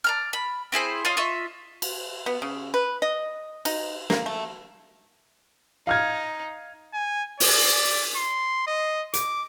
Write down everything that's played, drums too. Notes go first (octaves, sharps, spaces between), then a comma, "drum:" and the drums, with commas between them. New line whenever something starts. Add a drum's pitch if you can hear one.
D5 A#5 F6
B5
C4 E4 G#4 C5
F4 C#5 D#5 F5
F4 D#5 E5 C#6
drum: cymbal
B3
C#3
B4
D#5
D#4, drum: cymbal
A#3, drum: snare
A3
D#4 F5 F6 G#6
G#5
D5, drum: open hi-hat
C6
D#5
D6, drum: hi-hat